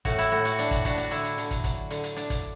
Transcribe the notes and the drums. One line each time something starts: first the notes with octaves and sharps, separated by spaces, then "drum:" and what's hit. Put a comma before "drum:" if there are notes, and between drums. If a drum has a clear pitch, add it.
A2 F#4, drum: kick, hi-hat
E4, drum: hi-hat
A2 F#4
F#4, drum: hi-hat
D4, drum: hi-hat
F#4, drum: kick, hi-hat
D4 F#4, drum: kick, hi-hat
F#4, drum: hi-hat
D3 E4, drum: hi-hat
drum: hi-hat
D3, drum: hi-hat
drum: kick, hi-hat
F#3, drum: kick, hi-hat
D3, drum: hi-hat
drum: hi-hat
D4, drum: hi-hat
drum: kick, hi-hat